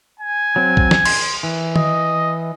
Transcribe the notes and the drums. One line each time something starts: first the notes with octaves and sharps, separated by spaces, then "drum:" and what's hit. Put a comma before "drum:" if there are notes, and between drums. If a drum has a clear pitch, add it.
G#5
F#3 C4
drum: kick A#1
drum: snare
C6, drum: cymbal
E3
D#5, drum: tom